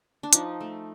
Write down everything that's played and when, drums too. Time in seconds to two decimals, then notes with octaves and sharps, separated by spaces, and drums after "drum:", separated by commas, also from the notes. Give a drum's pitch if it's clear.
0.23 D4
0.33 F3 D#4, drum: hi-hat
0.61 A3